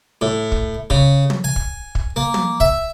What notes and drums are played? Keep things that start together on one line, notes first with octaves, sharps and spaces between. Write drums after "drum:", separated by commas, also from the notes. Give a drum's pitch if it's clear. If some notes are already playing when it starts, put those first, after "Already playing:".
A2
drum: kick
C#3, drum: kick
drum: tom
G#5
drum: kick
drum: kick
A#3
drum: tom
E5, drum: kick